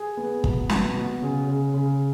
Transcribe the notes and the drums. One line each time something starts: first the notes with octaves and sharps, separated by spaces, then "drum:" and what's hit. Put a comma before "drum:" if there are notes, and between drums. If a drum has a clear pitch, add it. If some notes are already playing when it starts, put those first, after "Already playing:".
Already playing: G#4
B3
B2, drum: kick
B2, drum: snare
B2
C#3
C#3
C#3